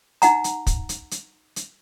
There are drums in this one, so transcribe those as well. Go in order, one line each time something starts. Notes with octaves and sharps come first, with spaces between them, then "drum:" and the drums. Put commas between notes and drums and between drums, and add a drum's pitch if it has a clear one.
D#4 F#5 A#5, drum: hi-hat
drum: hi-hat
drum: kick, hi-hat
drum: hi-hat
drum: hi-hat
drum: hi-hat